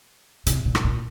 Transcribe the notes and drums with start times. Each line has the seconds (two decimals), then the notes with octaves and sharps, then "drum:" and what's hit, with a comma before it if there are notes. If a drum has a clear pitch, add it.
0.46 C3, drum: hi-hat
0.65 A#2
0.75 drum: rim click
0.84 A#2